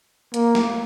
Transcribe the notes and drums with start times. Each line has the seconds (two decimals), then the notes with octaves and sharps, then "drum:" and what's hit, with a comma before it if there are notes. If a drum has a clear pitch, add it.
0.34 A#3, drum: hi-hat
0.55 drum: snare A3